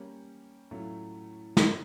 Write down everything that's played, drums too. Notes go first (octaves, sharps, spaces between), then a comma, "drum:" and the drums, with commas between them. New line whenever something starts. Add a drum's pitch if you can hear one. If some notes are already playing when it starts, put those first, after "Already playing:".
Already playing: G3 A#3 C#4
A2 F#3 A3 C#4 F4
C#3 F#3 A#3 C#4, drum: snare